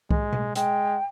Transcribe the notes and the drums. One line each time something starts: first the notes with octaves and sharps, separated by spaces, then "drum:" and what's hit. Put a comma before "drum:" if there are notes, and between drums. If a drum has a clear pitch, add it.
G#3, drum: kick C2
drum: tom B2
G#3 G5, drum: hi-hat